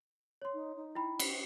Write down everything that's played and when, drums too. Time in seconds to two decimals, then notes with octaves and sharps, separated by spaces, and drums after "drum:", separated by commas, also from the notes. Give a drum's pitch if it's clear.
0.42 C#5 C6
0.54 D#4
0.76 D#4
0.95 E4 G5 B5
1.19 B6, drum: cymbal